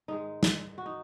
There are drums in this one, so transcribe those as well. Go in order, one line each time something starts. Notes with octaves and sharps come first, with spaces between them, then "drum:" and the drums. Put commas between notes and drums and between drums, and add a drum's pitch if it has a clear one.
G#2 D#3 G#3 D#4
drum: snare
F#4
D#4